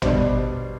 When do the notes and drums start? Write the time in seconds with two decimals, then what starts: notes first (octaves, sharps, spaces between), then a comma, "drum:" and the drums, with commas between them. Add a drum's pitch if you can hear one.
0.02 B2 G3 D4 C5, drum: tom